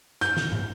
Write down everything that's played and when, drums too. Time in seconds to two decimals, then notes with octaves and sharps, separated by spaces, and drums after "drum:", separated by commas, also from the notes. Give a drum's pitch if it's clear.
0.21 G6, drum: hi-hat
0.37 drum: snare
0.52 drum: tom